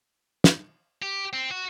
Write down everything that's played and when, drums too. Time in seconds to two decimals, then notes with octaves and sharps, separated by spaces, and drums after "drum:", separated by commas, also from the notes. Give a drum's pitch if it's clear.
0.44 drum: snare
1.02 G4
1.33 C4
1.51 F#4